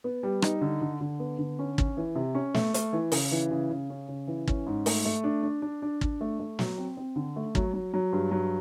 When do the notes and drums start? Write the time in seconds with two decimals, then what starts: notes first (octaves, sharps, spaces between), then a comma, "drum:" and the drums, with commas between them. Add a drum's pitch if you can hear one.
0.04 B3
0.23 G3
0.42 D#4, drum: rim click
0.61 D3
0.82 D3
1.01 D3
1.19 B3
1.39 D3
1.59 C#4
1.78 C#4, drum: kick
1.97 E3
2.15 C3
2.35 C#4
2.54 A3, drum: snare
2.74 A3, drum: hi-hat
2.93 E3
3.12 C#3, drum: open hi-hat
3.31 E3
3.51 C#3
3.70 C#3
3.90 C#4
4.08 C#3
4.27 E3
4.47 C#4, drum: kick
4.67 G#2
4.86 A3, drum: open hi-hat
5.05 A3
5.24 D4
5.43 D4
5.62 D4
5.82 D4
6.01 D4, drum: kick
6.21 A3
6.40 A3
6.59 F#3, drum: snare
6.78 C4
6.97 C4
7.16 D3
7.36 A3
7.55 F#3, drum: kick
7.73 F#3
7.93 F#3
8.13 G2
8.31 F#3